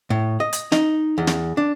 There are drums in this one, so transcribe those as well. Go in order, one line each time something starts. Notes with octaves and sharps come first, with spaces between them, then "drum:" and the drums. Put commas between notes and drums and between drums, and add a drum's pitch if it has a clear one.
A2
D#5
drum: hi-hat
D#4, drum: snare
E2
drum: snare
D4